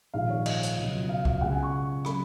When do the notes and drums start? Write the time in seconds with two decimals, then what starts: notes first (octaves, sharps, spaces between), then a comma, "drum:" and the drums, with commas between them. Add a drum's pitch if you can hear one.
0.14 A#1 G#2 D#3 G#3 F5
0.30 C#5
0.46 D#5, drum: cymbal
0.63 drum: hi-hat
0.78 C#2 B2 F#3 B3
1.09 F5
1.25 F5, drum: kick C2
1.41 C#2 C#3 G#3 F#5
1.52 G#5
1.63 C#6
2.05 F#3 C#4 B5, drum: rim click